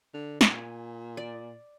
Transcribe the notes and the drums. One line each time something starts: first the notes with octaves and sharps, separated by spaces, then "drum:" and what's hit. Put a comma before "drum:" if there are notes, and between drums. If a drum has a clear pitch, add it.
D3
A#2 G#5, drum: snare
D5